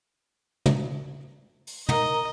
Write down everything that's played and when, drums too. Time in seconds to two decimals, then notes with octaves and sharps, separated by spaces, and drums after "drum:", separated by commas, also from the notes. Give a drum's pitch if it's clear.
0.66 drum: tom
1.67 drum: open hi-hat
1.89 A#4 D#5 A#5, drum: tom